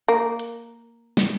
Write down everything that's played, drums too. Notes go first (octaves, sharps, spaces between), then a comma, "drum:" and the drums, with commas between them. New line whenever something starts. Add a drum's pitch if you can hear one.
A#3
drum: hi-hat
drum: snare